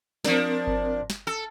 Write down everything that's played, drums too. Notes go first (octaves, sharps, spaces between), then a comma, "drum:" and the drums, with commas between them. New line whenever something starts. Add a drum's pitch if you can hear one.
F3 C4 D4 A#4, drum: snare
drum: kick G1
drum: snare
A4